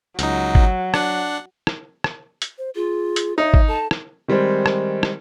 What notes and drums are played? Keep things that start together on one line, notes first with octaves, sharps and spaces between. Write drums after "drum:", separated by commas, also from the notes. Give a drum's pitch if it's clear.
C#2 F#3 D#4, drum: hi-hat
drum: kick
D4 F#5, drum: rim click
drum: rim click
drum: rim click
drum: hi-hat
C5
F4 G#4
drum: hi-hat
D#4 C#5 E5
drum: kick
A4 A5
drum: rim click
D#3 G3 G#3 C4
drum: rim click
drum: rim click